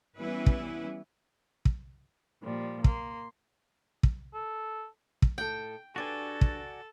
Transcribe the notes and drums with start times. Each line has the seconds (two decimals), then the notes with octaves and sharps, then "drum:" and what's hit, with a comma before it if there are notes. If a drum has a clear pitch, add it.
0.17 E3 G3 B3 C#4 E4 B4
0.46 drum: kick
1.65 drum: kick
2.42 A#2 F3 G3
2.84 A#3 C6, drum: kick
4.03 drum: kick
4.34 A4
5.22 drum: kick
5.38 A2 A4 G5
5.96 G2 D4 F#4 A4 B4 D5 G#5
6.41 drum: kick